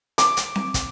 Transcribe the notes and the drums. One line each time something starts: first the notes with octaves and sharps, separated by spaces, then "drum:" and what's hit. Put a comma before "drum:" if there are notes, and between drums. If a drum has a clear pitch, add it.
D6, drum: hi-hat
drum: hi-hat
drum: snare C4
drum: kick, hi-hat